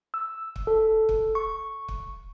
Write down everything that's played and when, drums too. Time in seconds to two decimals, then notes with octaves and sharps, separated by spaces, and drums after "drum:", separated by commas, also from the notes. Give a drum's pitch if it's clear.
0.14 E6
0.56 drum: kick
0.67 A4
1.09 drum: kick
1.35 C#6
1.88 drum: kick